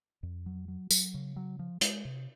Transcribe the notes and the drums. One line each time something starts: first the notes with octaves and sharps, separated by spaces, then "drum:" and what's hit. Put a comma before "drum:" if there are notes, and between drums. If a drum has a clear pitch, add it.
F2
F#3
F#3
F#3, drum: tambourine
C#3
F#3
F3
G#3, drum: hi-hat
C3